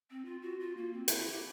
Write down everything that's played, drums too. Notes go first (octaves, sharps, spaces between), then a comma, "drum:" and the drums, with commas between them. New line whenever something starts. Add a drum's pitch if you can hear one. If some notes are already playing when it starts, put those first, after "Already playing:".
C4
F4
F#4
F4
A#3
C4
E4, drum: hi-hat
G4